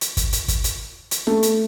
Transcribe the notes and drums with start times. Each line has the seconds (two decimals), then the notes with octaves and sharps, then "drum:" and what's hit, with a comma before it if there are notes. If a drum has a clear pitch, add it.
0.01 drum: hi-hat
0.17 drum: kick, hi-hat
0.33 drum: hi-hat
0.48 drum: kick, hi-hat
0.64 drum: hi-hat
1.11 drum: hi-hat
1.27 A3, drum: snare
1.43 drum: hi-hat